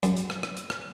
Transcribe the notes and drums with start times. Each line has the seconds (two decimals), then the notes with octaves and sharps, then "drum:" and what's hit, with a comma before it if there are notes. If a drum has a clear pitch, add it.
0.03 F#2, drum: hi-hat
0.16 drum: hi-hat
0.30 drum: rim click
0.43 drum: rim click
0.57 drum: hi-hat
0.70 drum: rim click